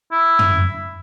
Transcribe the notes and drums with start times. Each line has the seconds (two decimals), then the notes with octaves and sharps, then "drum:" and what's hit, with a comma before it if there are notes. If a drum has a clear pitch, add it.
0.11 E4
0.39 drum: tom